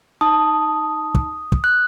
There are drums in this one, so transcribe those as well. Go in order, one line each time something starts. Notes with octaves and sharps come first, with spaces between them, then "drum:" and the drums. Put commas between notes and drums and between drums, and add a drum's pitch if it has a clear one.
D#4 A5 D#6
drum: kick
drum: kick
F#6